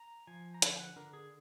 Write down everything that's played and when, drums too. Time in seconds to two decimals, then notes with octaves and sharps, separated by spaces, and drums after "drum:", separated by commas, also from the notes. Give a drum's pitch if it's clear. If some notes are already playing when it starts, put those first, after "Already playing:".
Already playing: A#5
0.27 F3 G#5
0.54 A#5
0.62 D3 G#5, drum: hi-hat
0.79 F#5
0.96 D3 A#4
1.13 G#4